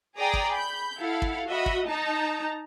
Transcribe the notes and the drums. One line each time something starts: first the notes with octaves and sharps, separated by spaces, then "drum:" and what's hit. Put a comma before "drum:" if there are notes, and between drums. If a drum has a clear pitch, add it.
G#4 D5 G5 A#5 D#6
drum: kick
B5 G6
E4 A4 F5 F#5
drum: kick
F#4 D#5 E5 B5
drum: kick
D#4 A5 A#5